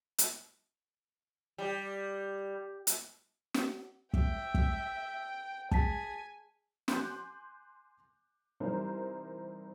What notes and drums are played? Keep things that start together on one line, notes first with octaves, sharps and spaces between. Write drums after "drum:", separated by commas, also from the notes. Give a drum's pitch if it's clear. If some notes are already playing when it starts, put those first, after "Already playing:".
drum: hi-hat
G3
drum: hi-hat
drum: snare
E5 G5, drum: kick
drum: kick
G#4 G#5 A5 B6, drum: kick
G#5 C6 D6 F#6 G6, drum: snare
C3 E3 G3 D#4 A#4 C5